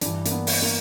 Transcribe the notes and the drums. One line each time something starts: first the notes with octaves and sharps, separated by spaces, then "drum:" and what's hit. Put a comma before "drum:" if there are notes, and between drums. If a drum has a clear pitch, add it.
G2 E3 D4, drum: hi-hat
A#3, drum: hi-hat
B3
drum: open hi-hat
A#3